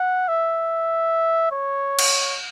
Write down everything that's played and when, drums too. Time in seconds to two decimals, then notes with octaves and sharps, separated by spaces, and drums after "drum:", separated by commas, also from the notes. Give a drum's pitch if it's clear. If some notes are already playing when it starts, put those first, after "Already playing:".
Already playing: F#5
0.28 E5
1.52 C#5
1.99 drum: cymbal